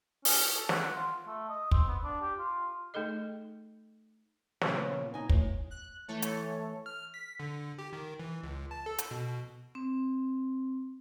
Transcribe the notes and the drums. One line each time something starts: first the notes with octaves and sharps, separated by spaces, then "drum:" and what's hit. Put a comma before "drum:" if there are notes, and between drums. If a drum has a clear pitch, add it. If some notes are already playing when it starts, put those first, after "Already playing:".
C#4, drum: open hi-hat
A4
F#5, drum: snare
F4
A3
D#5
C4, drum: kick
B3
D4
G4
F4
A3 D#4 G#4 A4 D#5
A#2 C#3 F3 F#3 A3 C#5, drum: snare
A#2 B3 B4
D#4 G#5
A2, drum: kick
F#6
E3 A3 A4 C#5
drum: hi-hat
F6
B6
D3
G4
D#3
E3
C#2
A5
A4
drum: hi-hat
B2
C4